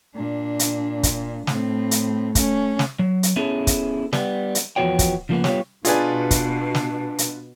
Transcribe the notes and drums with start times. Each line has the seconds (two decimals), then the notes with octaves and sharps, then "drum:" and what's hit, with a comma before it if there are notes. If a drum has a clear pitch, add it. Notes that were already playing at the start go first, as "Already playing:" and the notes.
0.16 A#2 D4
0.59 drum: hi-hat
1.03 drum: kick, hi-hat
1.47 A2 C4, drum: snare
1.91 drum: hi-hat
2.35 A3 C#4, drum: kick, hi-hat
2.79 drum: snare
2.99 F#3
3.23 drum: hi-hat
3.36 B3 C#4 E4 G#4 A4
3.67 drum: kick, hi-hat
4.13 G3 B3, drum: snare
4.55 drum: hi-hat
4.76 E2 F3 B3 F#4 C#5 G5
4.99 drum: kick, hi-hat
5.29 C#3 F3 A#3 B3
5.44 G3 B3 F4 G4 C#5, drum: snare
5.85 B2 D4 F4 G#4 B4 D5 G#5, drum: hi-hat
6.31 drum: kick, hi-hat
6.75 drum: snare
7.18 drum: hi-hat